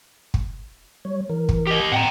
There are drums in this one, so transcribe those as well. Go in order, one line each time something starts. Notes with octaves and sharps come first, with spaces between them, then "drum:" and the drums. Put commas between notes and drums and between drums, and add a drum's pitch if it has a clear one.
drum: kick
G3 C#5
E3 A#4
drum: kick
G4 D#5
A2 C4 F#5 G5 A#5